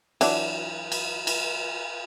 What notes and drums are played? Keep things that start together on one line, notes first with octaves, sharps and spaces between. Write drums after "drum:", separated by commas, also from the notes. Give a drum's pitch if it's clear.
E3 F#3 D4, drum: cymbal
drum: cymbal
drum: cymbal